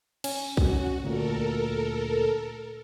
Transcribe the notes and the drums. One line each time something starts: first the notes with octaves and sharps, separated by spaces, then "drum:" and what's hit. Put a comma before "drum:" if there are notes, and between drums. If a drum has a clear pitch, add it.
C#4, drum: cymbal
F#4, drum: kick B1
D2 A#2 A4 A#4